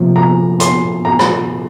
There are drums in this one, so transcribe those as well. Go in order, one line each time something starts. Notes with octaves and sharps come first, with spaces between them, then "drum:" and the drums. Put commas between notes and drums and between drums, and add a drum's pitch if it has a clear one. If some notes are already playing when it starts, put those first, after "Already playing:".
Already playing: C3 F3 A#3
A#5
C6, drum: hi-hat
A#5
drum: rim click